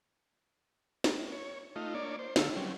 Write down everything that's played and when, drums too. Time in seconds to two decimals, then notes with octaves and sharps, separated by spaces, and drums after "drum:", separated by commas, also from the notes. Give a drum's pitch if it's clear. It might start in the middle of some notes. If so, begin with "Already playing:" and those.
1.04 drum: snare
1.32 C#5
1.76 A3 D#4 F4
1.94 A#3 D4 C#5 D5
2.19 C5
2.36 D3 A4 C#5 F5 E6, drum: snare
2.56 F#3 G3 C4 C#4